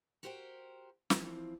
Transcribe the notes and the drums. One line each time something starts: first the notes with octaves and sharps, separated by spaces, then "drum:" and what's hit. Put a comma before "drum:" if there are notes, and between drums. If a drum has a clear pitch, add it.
F#4 G4 A#4 C5 F5 G5
E3 F3 C4, drum: snare